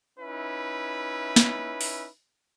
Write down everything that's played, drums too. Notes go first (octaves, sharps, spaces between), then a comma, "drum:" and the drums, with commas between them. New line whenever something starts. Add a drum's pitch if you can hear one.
C#4 D#4 E4 B4 E5
drum: snare
drum: open hi-hat